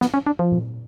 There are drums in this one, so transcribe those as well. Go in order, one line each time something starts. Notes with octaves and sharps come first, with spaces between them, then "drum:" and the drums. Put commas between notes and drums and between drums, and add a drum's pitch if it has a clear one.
B3, drum: snare
C#4
D4
F3
drum: tom A#2